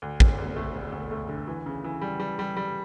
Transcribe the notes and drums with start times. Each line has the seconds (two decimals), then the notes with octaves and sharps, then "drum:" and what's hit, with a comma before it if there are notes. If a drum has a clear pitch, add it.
0.02 D2
0.20 E1, drum: kick
0.38 D2
0.56 A3
0.75 E1
0.92 D2
1.11 A3
1.29 D3
1.48 E3
1.66 C#3
1.84 E3
2.02 G3
2.20 G3
2.39 G3
2.57 G3